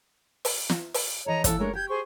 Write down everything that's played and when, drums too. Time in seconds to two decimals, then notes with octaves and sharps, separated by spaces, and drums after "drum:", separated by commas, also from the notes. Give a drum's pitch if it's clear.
0.45 drum: open hi-hat
0.70 drum: snare
0.94 drum: open hi-hat
1.26 E3 A4 C#5 D#5 A#5
1.44 A#2 E3 E4 A4 E6, drum: kick, hi-hat
1.59 G#3 A3 D4 A#4 C#5
1.73 G4 G5 G6 G#6
1.88 G#4 C5 C#6